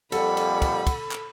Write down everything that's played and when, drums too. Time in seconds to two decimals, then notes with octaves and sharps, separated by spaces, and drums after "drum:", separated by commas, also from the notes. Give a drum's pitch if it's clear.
0.12 F2 A#2 G3 A4 F#5 B5, drum: cymbal
0.37 drum: cymbal
0.62 drum: kick, cymbal
0.87 drum: kick, cymbal
1.11 drum: clap